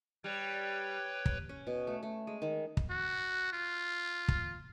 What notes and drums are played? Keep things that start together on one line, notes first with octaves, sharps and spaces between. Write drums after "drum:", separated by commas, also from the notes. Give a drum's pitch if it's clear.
G3 B4 C#5 G5
drum: kick
C#4
B2
A3
A3
G#3
D#3
drum: kick
F#4
F4
drum: kick